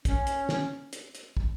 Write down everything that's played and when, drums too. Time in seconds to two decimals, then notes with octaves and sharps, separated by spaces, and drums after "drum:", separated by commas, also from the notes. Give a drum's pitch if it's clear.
0.05 C#4, drum: kick, hi-hat
0.27 drum: hi-hat
0.49 drum: snare
0.93 drum: hi-hat
1.15 drum: hi-hat
1.37 drum: kick